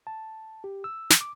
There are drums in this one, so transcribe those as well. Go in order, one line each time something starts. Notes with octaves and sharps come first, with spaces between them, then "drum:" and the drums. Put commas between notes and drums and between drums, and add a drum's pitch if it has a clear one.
A5
G4
E6
drum: snare
D6